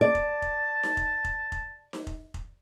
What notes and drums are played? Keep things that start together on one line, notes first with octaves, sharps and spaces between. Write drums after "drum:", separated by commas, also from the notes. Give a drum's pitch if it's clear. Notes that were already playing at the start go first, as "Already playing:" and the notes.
D5 A5
drum: kick F1
drum: kick F1
drum: snare D#4
drum: kick F1
drum: kick F1
drum: kick F1
drum: snare D#4
drum: kick F1
drum: kick F1